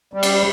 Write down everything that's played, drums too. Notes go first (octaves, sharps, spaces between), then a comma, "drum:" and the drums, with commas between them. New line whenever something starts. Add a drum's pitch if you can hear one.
G3
drum: cymbal